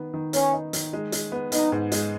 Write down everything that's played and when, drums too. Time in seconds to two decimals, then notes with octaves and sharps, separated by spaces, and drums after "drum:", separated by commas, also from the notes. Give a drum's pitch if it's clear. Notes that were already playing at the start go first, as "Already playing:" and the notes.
Already playing: D#3 B3
0.14 D#3
0.33 B3 C#4, drum: hi-hat
0.53 D#4
0.73 D#3, drum: hi-hat
0.93 G#3
1.12 G#3, drum: hi-hat
1.32 B3
1.52 B3 D#4, drum: hi-hat
1.72 G#2
1.92 G#3, drum: hi-hat